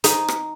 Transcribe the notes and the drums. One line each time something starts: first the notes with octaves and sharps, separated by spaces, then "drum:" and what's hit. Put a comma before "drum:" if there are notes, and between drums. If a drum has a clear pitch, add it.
D#4, drum: hi-hat
drum: rim click